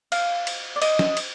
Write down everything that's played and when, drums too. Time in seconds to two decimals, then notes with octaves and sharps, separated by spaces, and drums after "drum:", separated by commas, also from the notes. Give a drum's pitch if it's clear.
0.12 F5, drum: cymbal
0.47 drum: cymbal
0.76 D5
0.82 D#5, drum: cymbal
0.99 drum: snare
1.17 drum: cymbal